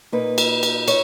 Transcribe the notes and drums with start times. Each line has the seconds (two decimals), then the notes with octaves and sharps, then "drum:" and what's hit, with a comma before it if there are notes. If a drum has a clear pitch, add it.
0.12 A#2 A#3 D#4 B4
0.38 drum: cymbal
0.63 drum: cymbal
0.88 C#5, drum: cymbal